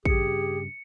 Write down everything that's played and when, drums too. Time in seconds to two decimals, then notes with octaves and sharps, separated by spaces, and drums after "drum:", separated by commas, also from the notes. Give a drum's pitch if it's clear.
0.05 G2 C#3 G4 G#4 C#7, drum: kick